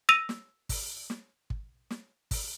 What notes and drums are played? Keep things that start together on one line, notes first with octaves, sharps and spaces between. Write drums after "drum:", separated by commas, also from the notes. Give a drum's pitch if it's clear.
E6 A#6 D#7 F7
drum: snare
drum: kick, open hi-hat
drum: snare
drum: kick
drum: snare
drum: kick, open hi-hat